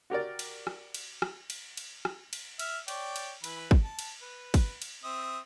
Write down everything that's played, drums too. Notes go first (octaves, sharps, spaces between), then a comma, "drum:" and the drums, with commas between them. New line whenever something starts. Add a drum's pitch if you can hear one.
F#4 G4 A#4 D5
drum: cymbal
drum: rim click
drum: cymbal
drum: rim click
drum: cymbal
drum: cymbal
drum: rim click
drum: cymbal
E5 F6, drum: cymbal
C#5 D5 G5, drum: cymbal
drum: cymbal
E3 B4 B5, drum: cymbal
drum: kick
A5
drum: cymbal
B4
drum: kick, cymbal
drum: cymbal
C4 E5 D#6